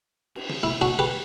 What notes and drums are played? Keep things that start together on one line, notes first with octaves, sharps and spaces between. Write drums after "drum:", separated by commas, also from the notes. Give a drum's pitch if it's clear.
drum: cymbal
drum: tom
E4
D4 F#4
G4 B4